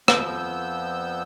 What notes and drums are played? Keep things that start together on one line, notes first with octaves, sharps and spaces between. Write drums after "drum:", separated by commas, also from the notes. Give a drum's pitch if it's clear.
F2 F3 B3 E6 G6, drum: rim click